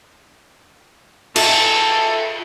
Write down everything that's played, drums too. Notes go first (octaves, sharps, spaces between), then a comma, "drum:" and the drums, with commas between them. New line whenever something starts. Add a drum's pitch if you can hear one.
F4 G#4 A4 E5, drum: cymbal